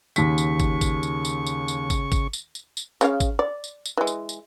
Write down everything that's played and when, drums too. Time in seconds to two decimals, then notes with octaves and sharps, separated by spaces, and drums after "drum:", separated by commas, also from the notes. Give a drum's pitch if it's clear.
0.16 D#2 C#3 C#6 B6, drum: tambourine
0.38 drum: tambourine
0.60 drum: kick, tambourine
0.81 drum: kick, tambourine
1.03 drum: tambourine
1.25 drum: tambourine
1.46 drum: tambourine
1.68 drum: tambourine
1.90 drum: kick, tambourine
2.12 drum: kick, tambourine
2.33 drum: tambourine
2.55 drum: tambourine
2.77 drum: tambourine
3.01 C#3 C#4 F5, drum: tambourine
3.20 drum: kick, tambourine
3.39 D5
3.64 drum: tambourine
3.86 drum: tambourine
3.97 E3 G#3
4.07 drum: tambourine
4.29 drum: tambourine